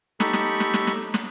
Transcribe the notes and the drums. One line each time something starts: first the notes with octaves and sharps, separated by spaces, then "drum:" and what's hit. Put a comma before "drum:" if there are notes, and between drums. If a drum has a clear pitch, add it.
D#4 G4 A4 B5 C#6, drum: snare
drum: snare
drum: snare
drum: snare
drum: snare
drum: snare